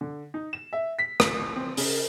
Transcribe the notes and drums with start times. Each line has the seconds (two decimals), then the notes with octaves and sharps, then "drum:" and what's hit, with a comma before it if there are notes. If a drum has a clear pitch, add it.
0.01 D3
0.34 D#4
0.53 E7
0.73 E5
0.99 B6
1.20 A1, drum: rim click
1.56 C4
1.77 C#3, drum: open hi-hat